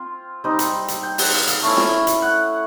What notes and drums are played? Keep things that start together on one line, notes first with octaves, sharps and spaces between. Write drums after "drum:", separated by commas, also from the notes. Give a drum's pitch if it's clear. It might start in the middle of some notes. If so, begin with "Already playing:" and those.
Already playing: C4 F4
G3 C4 D#4
drum: hi-hat
drum: hi-hat
G5
F#5, drum: open hi-hat
F5
F5, drum: hi-hat
A3 C#4 E4
drum: snare
drum: hi-hat
F#5